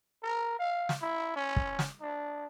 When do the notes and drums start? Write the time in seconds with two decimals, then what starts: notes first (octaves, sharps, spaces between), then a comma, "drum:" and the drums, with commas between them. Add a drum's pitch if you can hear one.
0.23 A#4
0.59 F5
0.89 drum: snare
1.02 E4
1.36 C#4
1.56 drum: kick
1.79 drum: snare
2.01 D4